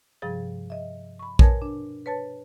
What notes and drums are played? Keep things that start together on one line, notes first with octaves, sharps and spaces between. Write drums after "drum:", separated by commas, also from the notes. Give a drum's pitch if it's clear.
G2 C3 F3 G3 G#4 A6
D#5 E5
B5 C#6
B2 A#4 C#5 G#5 A5 G#6, drum: kick A#1
D4
B4 C#5 A5 A6